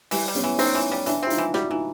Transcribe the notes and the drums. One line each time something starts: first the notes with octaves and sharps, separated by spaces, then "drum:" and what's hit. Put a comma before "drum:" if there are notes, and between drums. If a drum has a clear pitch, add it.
E3 G3, drum: open hi-hat
G3
B3 C#4, drum: hi-hat
E3
C4 C#4 D#4, drum: open hi-hat
E3
G3
E3 D4 E4, drum: hi-hat
C4 E4
D#4 F4, drum: hi-hat
E3
G3 E4 F#4, drum: snare
E3 D#4 F4